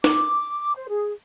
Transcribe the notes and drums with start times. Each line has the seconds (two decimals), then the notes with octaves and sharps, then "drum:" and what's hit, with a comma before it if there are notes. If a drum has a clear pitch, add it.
0.04 D6, drum: snare
0.76 C5
0.89 G#4